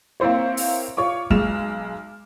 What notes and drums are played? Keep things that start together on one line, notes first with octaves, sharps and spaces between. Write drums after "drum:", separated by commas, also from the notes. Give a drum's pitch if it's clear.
A#3 C4 E4 C5 C#5
drum: open hi-hat
F4 C#5 C#6 D6
B1 G#3 F6 E7, drum: kick